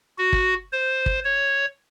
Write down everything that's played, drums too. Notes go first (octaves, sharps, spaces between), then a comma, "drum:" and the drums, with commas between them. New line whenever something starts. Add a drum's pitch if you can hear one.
F#4
drum: kick
C5
drum: kick
C#5